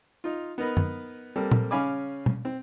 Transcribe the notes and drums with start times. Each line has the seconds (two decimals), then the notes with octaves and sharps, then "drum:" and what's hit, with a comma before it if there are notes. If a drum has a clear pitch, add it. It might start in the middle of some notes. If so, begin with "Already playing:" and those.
0.24 D#4 F4
0.58 B3 D#4 A#4 B4
0.77 drum: tom F#2
1.36 G3 A#3 C4 A4
1.52 drum: tom
1.71 C#3 C#4 F5 G#5 B5 D6
2.26 drum: tom B2
2.45 C4